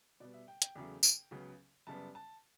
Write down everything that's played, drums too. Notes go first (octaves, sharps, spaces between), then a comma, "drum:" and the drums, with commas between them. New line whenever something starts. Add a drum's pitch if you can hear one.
B2 G3 B3 D5
E5
G5
G5, drum: hi-hat
E2 C#3 F#3 A3
drum: tambourine
C#2 C#3 F#3 B3
F#2 C#3 G3 B3 A5
A5